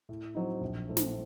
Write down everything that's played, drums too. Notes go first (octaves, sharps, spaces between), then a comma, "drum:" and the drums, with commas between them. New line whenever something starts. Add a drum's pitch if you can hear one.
A2
F#3 C4 D#4
A#1
A2 A3 C4
drum: snare